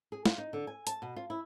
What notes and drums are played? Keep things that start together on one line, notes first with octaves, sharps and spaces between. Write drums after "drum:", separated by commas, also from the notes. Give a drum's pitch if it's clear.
G#4
F4, drum: snare
D#4
D3
G#5
A5, drum: hi-hat
B2
F4
E4